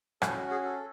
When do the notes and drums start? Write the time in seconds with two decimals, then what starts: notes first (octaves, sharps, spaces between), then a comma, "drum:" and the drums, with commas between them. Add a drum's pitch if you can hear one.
0.22 C#4 F#4 A4, drum: rim click
0.51 G#4
0.65 A4